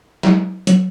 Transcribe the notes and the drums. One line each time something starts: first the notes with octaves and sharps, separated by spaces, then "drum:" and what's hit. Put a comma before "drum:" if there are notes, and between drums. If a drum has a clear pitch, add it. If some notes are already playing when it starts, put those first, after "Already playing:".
F#3, drum: snare
F#3, drum: hi-hat